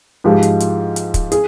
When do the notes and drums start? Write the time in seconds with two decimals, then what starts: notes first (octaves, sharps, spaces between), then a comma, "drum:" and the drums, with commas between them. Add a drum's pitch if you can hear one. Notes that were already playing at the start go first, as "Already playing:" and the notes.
0.24 G#2 F3 G#3 G4
0.43 drum: hi-hat
0.60 drum: hi-hat
0.96 drum: hi-hat
1.14 drum: kick, hi-hat
1.32 G#4, drum: hi-hat